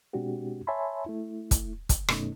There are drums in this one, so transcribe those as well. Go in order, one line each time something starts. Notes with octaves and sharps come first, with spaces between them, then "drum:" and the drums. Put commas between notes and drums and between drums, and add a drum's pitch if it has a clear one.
B2 G#3 C4 D4 F#4 G4
C#5 E5 G#5 A5 B5 C6
A3 E4
drum: kick, hi-hat
drum: kick, hi-hat
F#2 B2 D#3 A3 C#4 D#4, drum: rim click